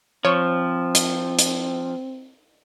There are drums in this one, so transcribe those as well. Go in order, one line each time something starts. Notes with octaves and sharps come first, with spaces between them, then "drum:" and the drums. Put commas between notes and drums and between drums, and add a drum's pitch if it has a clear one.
F3 C4 C#5
drum: hi-hat
drum: hi-hat